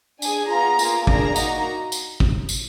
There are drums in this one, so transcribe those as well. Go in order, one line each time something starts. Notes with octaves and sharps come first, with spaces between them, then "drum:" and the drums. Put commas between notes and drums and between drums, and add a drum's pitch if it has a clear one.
D4 G#4 G#5, drum: tambourine
B3 F4 G#4 A#5
A#3 F4 G#4, drum: tambourine
A#3 D4 G#4 A#5, drum: kick
A#3 D#4 F#4, drum: tambourine
drum: tambourine
drum: kick
drum: tambourine